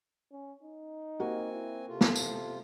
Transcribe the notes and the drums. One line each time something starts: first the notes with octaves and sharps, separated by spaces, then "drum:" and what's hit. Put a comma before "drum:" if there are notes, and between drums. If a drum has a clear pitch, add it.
C#4
D#4
A#3 C4 F#4 G#5
E4
C3 F4 A4
drum: snare
drum: tambourine